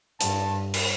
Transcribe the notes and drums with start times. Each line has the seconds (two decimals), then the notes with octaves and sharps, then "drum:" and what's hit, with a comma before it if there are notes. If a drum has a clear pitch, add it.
0.21 G2 A5, drum: hi-hat
0.74 drum: cymbal